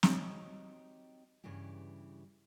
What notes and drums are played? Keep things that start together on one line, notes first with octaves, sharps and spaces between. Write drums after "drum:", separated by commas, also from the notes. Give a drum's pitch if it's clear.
C4 D#4 F#4 G4 C#5 D#5, drum: snare
G2 C#3 E3 E4 G4